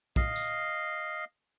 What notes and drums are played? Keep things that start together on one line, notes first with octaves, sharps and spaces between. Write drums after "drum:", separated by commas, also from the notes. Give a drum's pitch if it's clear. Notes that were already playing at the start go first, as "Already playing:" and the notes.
D#5 F5, drum: kick
drum: tambourine